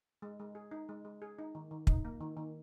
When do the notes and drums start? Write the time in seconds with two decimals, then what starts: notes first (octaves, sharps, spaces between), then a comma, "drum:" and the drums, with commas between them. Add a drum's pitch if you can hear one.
0.22 G#3
0.40 G#3
0.55 G#4
0.71 D#4
0.89 G#3
1.05 G#3
1.22 G#4
1.39 D#4
1.55 D#3
1.71 D#3
1.87 D#4, drum: kick
2.05 A#3
2.21 D#3
2.37 D#3